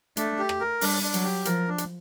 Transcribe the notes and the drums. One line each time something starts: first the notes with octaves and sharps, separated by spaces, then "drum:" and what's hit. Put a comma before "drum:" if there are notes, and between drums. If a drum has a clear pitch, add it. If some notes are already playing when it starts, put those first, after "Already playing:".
A3 D4, drum: hi-hat
G4
drum: rim click
A#4
G3 D4, drum: open hi-hat
D4
F#3, drum: hi-hat
G4
F3 A#4, drum: hi-hat
D4
drum: hi-hat